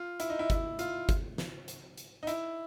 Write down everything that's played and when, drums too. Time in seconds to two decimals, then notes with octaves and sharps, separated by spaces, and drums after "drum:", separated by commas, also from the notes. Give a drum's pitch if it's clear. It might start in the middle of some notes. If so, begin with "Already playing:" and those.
Already playing: F4
0.20 E4, drum: hi-hat
0.30 D#4
0.39 E4
0.50 E4, drum: kick, hi-hat
0.79 F4, drum: hi-hat
1.09 drum: kick, hi-hat
1.38 drum: snare
1.68 drum: hi-hat
1.98 drum: hi-hat
2.23 D#4
2.27 E4, drum: hi-hat